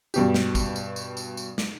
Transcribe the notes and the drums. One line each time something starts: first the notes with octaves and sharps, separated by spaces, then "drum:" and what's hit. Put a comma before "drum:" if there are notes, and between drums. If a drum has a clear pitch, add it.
G2 B2 G4, drum: tambourine
drum: snare
drum: kick, tambourine
drum: tambourine
drum: tambourine
drum: tambourine
drum: tambourine
drum: snare